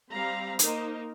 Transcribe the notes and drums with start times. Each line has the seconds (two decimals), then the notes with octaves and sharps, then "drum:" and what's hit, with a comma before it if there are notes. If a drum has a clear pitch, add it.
0.11 G3 C4 F5 A#5 B5
0.59 A#3 D#4 A#4 C5, drum: hi-hat